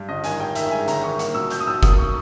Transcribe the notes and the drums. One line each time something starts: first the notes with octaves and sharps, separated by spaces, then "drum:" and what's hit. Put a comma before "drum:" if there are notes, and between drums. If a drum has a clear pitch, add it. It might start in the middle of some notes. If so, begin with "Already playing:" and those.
Already playing: G2
G1 D#5
D#3 G#5, drum: hi-hat
G2 G5
D#3 E5, drum: hi-hat
G#3 G#5
G1 A#5, drum: hi-hat
D#3 C#6
A#3 C#6, drum: hi-hat
B2 E6
B2 G6, drum: hi-hat
D#6
B1 E6
A#3 D#6, drum: kick F#1, hi-hat
C#6